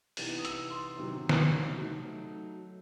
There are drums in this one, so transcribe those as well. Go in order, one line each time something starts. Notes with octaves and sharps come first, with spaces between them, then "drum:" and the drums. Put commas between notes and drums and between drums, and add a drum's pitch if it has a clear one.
C3 E3 B3 D#4 A6, drum: open hi-hat
D#6
E6, drum: hi-hat
C6
C3 D#3 F#3
drum: snare
F#3 A3 D#4